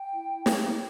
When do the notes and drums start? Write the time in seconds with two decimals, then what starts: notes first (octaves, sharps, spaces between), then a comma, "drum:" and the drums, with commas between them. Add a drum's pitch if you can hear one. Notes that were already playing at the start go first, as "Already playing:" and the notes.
Already playing: G5
0.13 E4
0.46 drum: snare